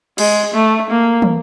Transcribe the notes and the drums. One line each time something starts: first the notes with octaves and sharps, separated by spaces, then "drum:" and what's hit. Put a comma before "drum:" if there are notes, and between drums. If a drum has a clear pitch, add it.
G#3, drum: cymbal
A3
A#3
drum: tom